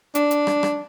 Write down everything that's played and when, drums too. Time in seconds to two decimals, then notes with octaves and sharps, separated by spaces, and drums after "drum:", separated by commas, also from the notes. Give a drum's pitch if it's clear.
0.15 D4, drum: hi-hat
0.31 drum: hi-hat
0.47 drum: rim click
0.63 drum: rim click